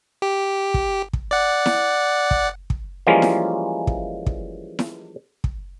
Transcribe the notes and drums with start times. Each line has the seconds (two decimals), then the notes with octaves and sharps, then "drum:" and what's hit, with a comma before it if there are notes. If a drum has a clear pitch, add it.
0.22 G4
0.74 drum: kick
1.13 drum: kick
1.31 D5 F#5
1.66 drum: snare E4
2.31 drum: kick
2.70 drum: kick
3.07 E3 F3 G3 G#3 A#3 C#4
3.22 drum: snare E4
3.87 drum: kick
4.26 drum: kick
4.79 drum: snare E4
5.44 drum: kick